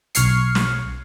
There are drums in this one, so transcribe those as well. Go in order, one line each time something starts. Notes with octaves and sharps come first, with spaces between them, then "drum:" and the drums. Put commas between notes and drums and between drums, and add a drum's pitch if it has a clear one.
B1 C#6 F6 G#6 C7 C#7, drum: hi-hat
drum: snare